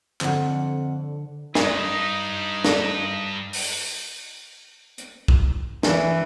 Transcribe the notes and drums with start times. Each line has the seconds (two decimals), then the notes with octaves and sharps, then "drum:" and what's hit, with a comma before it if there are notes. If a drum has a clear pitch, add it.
0.21 F2 D3 F#5, drum: clap
1.55 G2 D#4, drum: snare
2.65 drum: snare
3.53 drum: open hi-hat
4.98 drum: hi-hat
5.28 drum: kick
5.83 E3, drum: snare